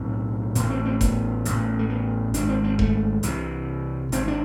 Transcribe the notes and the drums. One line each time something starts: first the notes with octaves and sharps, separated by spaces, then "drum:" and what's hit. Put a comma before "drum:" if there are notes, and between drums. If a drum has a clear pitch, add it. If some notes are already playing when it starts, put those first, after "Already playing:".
Already playing: B1 A2 C4
A1 A2 B3, drum: hi-hat
C4
C4
B3, drum: kick F1, hi-hat
A1 A2, drum: hi-hat
A3
B3
G#1 G#2 D4, drum: hi-hat
C4
C4
A3, drum: kick F1
C2 C3 E3, drum: hi-hat
G#1 G#2 C4, drum: hi-hat
D4